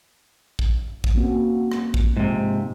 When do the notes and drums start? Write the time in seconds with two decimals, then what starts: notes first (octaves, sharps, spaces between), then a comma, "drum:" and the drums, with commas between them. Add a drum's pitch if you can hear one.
0.59 drum: kick
1.04 drum: kick
1.15 A#3 C4 C#4 F#4
1.72 drum: rim click
1.94 drum: kick
2.17 G#2 C3 F3